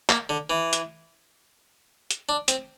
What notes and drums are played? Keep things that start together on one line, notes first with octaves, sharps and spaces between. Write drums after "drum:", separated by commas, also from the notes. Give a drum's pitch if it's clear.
A#3, drum: clap
D3
E3
drum: hi-hat
drum: hi-hat
D4
C4, drum: hi-hat